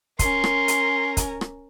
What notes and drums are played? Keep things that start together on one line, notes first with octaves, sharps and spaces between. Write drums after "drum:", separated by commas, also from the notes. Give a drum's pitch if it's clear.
C#4 A#4 C6, drum: kick, hi-hat
drum: rim click
drum: hi-hat
drum: kick, hi-hat
drum: rim click